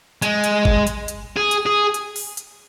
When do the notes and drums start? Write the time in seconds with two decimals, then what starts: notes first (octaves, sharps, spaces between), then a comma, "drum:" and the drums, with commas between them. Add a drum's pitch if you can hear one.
0.22 G#3, drum: hi-hat
0.44 drum: hi-hat
0.65 drum: kick G#1
0.87 drum: hi-hat
1.08 drum: hi-hat
1.37 G#4
1.51 drum: hi-hat
1.66 G#4
1.94 drum: hi-hat
2.16 drum: open hi-hat
2.37 drum: hi-hat